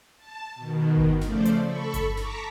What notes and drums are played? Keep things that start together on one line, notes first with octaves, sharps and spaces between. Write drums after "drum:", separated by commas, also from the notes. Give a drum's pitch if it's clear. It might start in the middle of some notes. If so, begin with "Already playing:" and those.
A5
B2 D#3
drum: kick G1
C#3 F3 A3 C5 D5, drum: snare
drum: hi-hat
A4 B5 C#6
drum: kick G1, hi-hat
A5 A#5 C#6 D6 B6, drum: snare